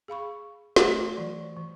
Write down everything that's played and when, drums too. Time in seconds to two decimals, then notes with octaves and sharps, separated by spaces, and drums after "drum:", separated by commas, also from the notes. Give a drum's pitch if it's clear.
0.08 G#4 F5 B5 C#6
0.76 A3 F#4 F#5, drum: snare
1.03 C6
1.17 E3 F#3 D5
1.56 E3